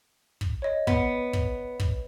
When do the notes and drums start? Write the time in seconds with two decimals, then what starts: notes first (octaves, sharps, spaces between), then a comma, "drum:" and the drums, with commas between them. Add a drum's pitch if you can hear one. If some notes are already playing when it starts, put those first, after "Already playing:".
0.41 drum: kick
0.62 C#5 D#5
0.87 B3, drum: kick
1.33 drum: kick
1.80 drum: kick